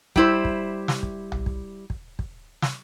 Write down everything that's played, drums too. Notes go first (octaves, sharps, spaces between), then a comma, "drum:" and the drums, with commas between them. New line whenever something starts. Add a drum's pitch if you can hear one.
G3 E4 C5, drum: kick
drum: kick
drum: snare
drum: kick
drum: tom B1
drum: kick
drum: kick
drum: kick
drum: snare